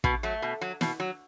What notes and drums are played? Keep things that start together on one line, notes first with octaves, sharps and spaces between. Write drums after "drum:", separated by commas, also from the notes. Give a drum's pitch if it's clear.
B2 B3, drum: kick
F#3 A3
B2
F#3
B2, drum: snare
F#3